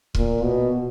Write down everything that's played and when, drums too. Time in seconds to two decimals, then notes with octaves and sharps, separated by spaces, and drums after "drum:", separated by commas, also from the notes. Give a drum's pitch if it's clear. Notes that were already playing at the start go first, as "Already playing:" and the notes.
0.15 A#2, drum: kick
0.43 B2